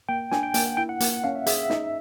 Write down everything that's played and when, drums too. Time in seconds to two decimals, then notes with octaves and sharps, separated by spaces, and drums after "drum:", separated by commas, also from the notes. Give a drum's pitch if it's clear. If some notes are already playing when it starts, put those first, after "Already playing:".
0.09 A#3 G5
0.32 D4 G#5, drum: snare
0.43 G5
0.54 A#3 G5, drum: hi-hat
0.66 F#5
0.77 E4 G5
0.89 F#5
1.00 A#3 F#5, drum: hi-hat
1.13 F#5
1.24 C#4 F5
1.35 E5
1.46 G#4 E5, drum: hi-hat
1.58 E5
1.70 D#4 E5, drum: snare